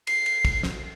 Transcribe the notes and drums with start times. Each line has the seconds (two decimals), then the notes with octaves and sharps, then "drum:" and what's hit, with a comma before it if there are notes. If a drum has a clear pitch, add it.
0.07 C7, drum: cymbal
0.26 drum: cymbal
0.45 drum: kick, cymbal
0.63 drum: snare